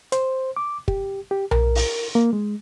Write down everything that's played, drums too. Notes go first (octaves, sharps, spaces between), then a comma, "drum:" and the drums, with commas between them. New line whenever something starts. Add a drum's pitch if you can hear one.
C5, drum: hi-hat
D6
G4, drum: kick
G4
A#4, drum: tom B1
drum: open hi-hat
A#3
G#3